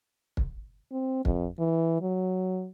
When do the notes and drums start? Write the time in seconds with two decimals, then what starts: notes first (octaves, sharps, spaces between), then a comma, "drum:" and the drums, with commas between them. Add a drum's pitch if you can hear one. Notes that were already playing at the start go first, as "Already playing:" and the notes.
0.37 drum: kick
0.92 C4
1.25 F2, drum: kick
1.59 E3
2.01 F#3